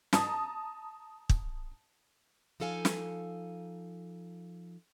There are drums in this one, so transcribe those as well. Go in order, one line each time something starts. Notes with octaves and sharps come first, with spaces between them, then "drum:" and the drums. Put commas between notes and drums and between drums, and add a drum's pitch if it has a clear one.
A5 A#5 D#6, drum: snare
drum: kick
F3 D#4 A4 F5 G#5
drum: snare